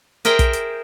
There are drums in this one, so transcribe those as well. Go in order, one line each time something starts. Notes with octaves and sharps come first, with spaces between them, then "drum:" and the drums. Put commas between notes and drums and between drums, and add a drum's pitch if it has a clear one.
G#4 A#4 C5 E5 G5, drum: hi-hat
drum: kick, hi-hat
drum: hi-hat